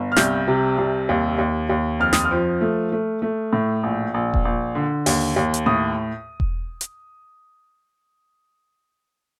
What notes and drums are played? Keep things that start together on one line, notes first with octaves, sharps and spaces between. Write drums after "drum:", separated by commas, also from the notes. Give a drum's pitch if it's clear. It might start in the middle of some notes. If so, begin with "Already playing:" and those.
Already playing: G1
F6
C2 G6, drum: snare
C3
C2
D#2
D#2
D#2
F2 F6
D#6, drum: snare
F6
F3
A3
A3
A3
A2
A#1
A#1
drum: kick E1
A#1
D3
D#2, drum: open hi-hat
D#2
drum: hi-hat
A2 D#6
drum: kick E1
drum: hi-hat